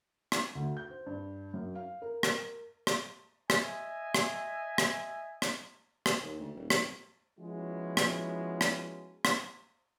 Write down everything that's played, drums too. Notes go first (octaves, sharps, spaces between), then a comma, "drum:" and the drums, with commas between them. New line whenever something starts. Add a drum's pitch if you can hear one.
drum: rim click
D2
G6
C5
G2
F#2
F5
A#4
drum: rim click
drum: rim click
D#5 E5 G#5, drum: rim click
drum: rim click
drum: rim click
drum: rim click
drum: rim click
D#2
D2
D#1
F1, drum: rim click
F3 G#3 B3 C#4 E4 F#4
drum: rim click
drum: rim click
drum: rim click